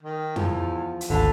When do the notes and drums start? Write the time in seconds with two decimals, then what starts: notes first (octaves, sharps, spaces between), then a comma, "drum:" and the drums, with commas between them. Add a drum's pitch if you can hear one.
0.03 D#3
0.36 E2 F3, drum: tom F2
1.01 drum: hi-hat
1.10 G#1 D2 D3 B4 A5